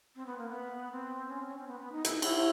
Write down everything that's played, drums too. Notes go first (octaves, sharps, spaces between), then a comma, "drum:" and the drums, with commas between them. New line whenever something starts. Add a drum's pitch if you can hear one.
C4
B3
A#3
B3
C4
C#4
C#4
C4
B3
B3
D#4
E4, drum: hi-hat
D#4
E4, drum: cymbal